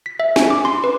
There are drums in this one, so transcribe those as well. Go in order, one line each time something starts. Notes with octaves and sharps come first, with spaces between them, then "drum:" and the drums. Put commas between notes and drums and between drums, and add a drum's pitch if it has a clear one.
B6
E5
G#5, drum: snare
D6
C6
B4